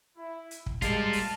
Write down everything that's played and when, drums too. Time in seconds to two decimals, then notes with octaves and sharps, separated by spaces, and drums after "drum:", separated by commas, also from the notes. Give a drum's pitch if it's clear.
0.16 E4
0.51 drum: hi-hat
0.66 drum: kick
0.82 G3 G#3 F4 A#4 A5, drum: kick, hi-hat
1.13 drum: open hi-hat